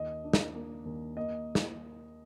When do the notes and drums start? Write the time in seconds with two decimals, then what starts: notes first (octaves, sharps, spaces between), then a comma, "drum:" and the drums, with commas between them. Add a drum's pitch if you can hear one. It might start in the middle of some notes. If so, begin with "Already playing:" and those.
Already playing: D#2 D#5
0.24 D4
0.33 drum: snare
0.55 A#3
0.86 D#2
1.17 A#3 D#5
1.55 drum: snare